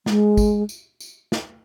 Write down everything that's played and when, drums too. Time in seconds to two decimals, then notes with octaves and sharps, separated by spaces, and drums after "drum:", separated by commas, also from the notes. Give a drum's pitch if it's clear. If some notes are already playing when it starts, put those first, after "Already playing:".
0.06 G#3, drum: snare
0.37 drum: kick, tambourine
0.69 drum: tambourine
1.00 drum: tambourine
1.32 drum: snare